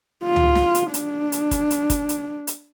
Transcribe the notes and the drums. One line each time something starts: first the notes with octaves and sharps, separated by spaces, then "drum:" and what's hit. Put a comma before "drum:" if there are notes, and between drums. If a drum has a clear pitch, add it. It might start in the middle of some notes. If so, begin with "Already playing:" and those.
F4
drum: tom C#2
drum: snare
drum: hi-hat
D4, drum: hi-hat
drum: hi-hat
drum: kick, hi-hat
drum: hi-hat
drum: kick, hi-hat
drum: hi-hat
drum: hi-hat